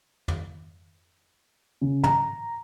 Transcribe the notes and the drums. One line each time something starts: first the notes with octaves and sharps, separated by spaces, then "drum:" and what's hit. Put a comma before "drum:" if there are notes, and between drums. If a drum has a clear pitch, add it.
drum: tom
C#3
A#5, drum: tom